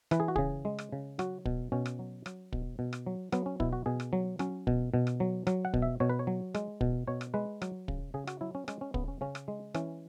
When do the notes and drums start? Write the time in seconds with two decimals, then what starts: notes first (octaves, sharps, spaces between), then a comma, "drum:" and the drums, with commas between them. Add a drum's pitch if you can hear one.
0.11 E3 B4, drum: rim click
0.20 G#4
0.28 F#4
0.36 C#3 G#4, drum: kick
0.65 G#3
0.79 drum: rim click
0.92 C#3
1.19 F#3 F#4, drum: rim click
1.46 B2, drum: kick
1.72 B2 C#4
1.86 drum: rim click
1.99 F#3
2.26 F#3, drum: rim click
2.53 B2, drum: kick
2.79 B2
2.93 drum: rim click
3.06 F#3
3.32 F#3 B3, drum: rim click
3.46 C#4
3.60 B2 E4, drum: kick
3.73 F#4
3.86 B2 G#4
4.00 drum: rim click
4.13 F#3
4.39 F#3 C#4, drum: rim click
4.67 B2, drum: kick
4.94 B2
5.07 drum: rim click
5.20 F#3
5.47 F#3, drum: rim click
5.65 F#5
5.74 B2, drum: kick
5.82 E5
6.00 B2 C#5
6.10 B4
6.19 C#5
6.27 F#3
6.55 G#3, drum: rim click
6.81 B2, drum: kick
7.07 B2 C#5
7.21 drum: rim click
7.34 G#3 B4
7.62 F#3, drum: rim click
7.88 C#3, drum: kick
8.14 C#3 G#4
8.27 F#4, drum: rim click
8.41 F#3 E4
8.55 C#4
8.68 G#3 C#4, drum: rim click
8.81 C#4
8.94 C#3 B3, drum: kick
9.08 C#4
9.21 C#3 C#4
9.35 drum: rim click
9.48 G#3
9.74 E3 C#4, drum: rim click